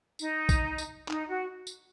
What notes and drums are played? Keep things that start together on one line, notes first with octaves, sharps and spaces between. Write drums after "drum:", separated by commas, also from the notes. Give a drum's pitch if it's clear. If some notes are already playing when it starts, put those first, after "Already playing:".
D#4, drum: tambourine
drum: kick A#1, tambourine
drum: tambourine
D#4, drum: clap
F#4
drum: tambourine